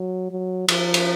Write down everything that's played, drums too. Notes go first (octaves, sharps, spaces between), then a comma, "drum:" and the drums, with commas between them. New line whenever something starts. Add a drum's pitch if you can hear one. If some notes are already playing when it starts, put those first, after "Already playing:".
Already playing: F#3
F#3
F3, drum: cymbal
drum: cymbal